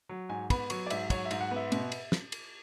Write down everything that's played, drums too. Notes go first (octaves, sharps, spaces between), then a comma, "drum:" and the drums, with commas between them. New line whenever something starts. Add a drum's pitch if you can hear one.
F#3
G#2 G#5
B3 B5, drum: kick, cymbal
F#3 C#6, drum: cymbal
D5
G#2 E5, drum: cymbal
F#3 C#5, drum: kick, cymbal
E5
G#2, drum: cymbal
F#5
B3
E5
B2, drum: cymbal
drum: cymbal
drum: snare
drum: cymbal